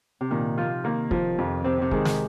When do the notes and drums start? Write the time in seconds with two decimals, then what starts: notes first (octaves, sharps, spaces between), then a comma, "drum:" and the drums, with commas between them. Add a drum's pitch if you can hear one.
0.21 C3
0.31 A#2 D#3
0.58 F3 F4
0.84 D#3 A#3
1.11 F3, drum: kick
1.38 F2 C3
1.64 C3 C4
1.82 C3
1.91 D#3 G#3, drum: kick
2.05 drum: snare